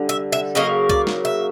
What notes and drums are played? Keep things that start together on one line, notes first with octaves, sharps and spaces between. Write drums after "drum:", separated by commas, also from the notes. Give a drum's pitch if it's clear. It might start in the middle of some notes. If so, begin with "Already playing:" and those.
Already playing: D3 G3
E5
E5
C#3 F#3 A#3 D#5
D5, drum: kick C2
drum: snare
E5